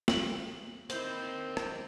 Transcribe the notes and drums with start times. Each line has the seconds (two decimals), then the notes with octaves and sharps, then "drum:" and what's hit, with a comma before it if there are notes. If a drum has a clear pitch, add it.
0.08 F#7, drum: snare
0.90 A#3 C4 D#4 E4 C5, drum: hi-hat
1.57 drum: rim click